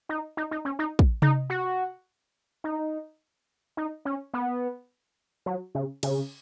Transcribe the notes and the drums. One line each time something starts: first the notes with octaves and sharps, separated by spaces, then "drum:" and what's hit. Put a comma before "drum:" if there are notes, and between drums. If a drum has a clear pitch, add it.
D#4
D#4
D#4
C#4
D#4
drum: kick
D#4, drum: tom C3
F#4
D#4
D#4
C#4
B3
F#3
C#3
C#3, drum: cymbal